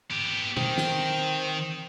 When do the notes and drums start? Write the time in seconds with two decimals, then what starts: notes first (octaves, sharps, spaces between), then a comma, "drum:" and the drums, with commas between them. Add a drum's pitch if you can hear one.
0.11 B3 G4
0.57 D#3 C4, drum: tom
0.78 drum: snare